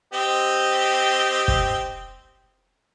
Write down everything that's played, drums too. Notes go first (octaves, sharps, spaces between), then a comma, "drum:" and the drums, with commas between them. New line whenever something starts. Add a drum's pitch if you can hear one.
C4 G4 D#5
drum: kick